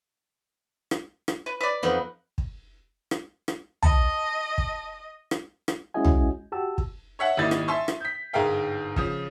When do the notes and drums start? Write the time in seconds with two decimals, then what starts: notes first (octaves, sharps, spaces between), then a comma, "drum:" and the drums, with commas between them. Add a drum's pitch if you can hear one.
0.91 drum: rim click
1.28 drum: rim click
1.46 B4
1.61 B4 D5
1.83 F2 B3 D#4
2.38 drum: kick
3.11 drum: rim click
3.48 drum: rim click
3.83 D#5 A5, drum: tom
4.58 drum: kick
5.31 drum: rim click
5.68 drum: rim click
5.94 G#3 C#4 E4 F#4 D#5 G#5
6.05 drum: tom
6.52 F#4 G4 A5 E6
6.78 drum: kick
7.19 C#5 E5 F#5 A5
7.37 G#1 A#2 G3 E4 D#5 A6
7.51 drum: rim click
7.68 E5 G#5 A5 C6 C#6
7.88 drum: rim click
8.00 G6 B6
8.33 G1 G#2 G#3 A#4 F5 G5
8.96 C#3 F3, drum: kick